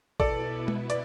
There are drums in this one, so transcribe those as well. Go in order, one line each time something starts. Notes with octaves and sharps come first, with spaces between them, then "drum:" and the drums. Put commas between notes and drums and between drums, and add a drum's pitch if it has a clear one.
B2 B3 E4 A4 B4 D5, drum: kick
drum: tom G#3
D5, drum: hi-hat